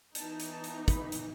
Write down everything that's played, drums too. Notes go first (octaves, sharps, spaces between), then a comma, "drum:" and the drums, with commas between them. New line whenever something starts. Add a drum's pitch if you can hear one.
E3 B3 D#4 A5, drum: hi-hat
drum: hi-hat
A5
drum: hi-hat
B5, drum: kick, hi-hat
drum: hi-hat